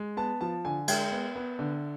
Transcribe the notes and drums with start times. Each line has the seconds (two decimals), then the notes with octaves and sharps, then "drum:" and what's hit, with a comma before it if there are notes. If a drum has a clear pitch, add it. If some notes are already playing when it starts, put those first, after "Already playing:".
Already playing: G#3
0.17 B3 A5
0.41 F3 A5
0.65 D3 G#5
0.88 G#3 G5, drum: cymbal
1.12 B3
1.35 B3
1.59 D3